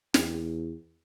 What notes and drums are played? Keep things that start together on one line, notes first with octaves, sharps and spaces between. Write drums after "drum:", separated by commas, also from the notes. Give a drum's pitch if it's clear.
E2, drum: snare